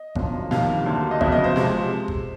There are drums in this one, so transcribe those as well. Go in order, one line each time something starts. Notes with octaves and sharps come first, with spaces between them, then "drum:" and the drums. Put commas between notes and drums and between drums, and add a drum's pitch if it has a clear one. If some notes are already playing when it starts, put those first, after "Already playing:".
Already playing: D#5
G#1 F#2 D3 F3, drum: kick G1
F2 C3 D#3 G3 A#3 F5, drum: snare
D2 D3 F#3 A#3
D#5
F2 C#3 F#3 B3 E5, drum: kick G1
D#5
C5
C3 F3 G#3, drum: snare
drum: kick G1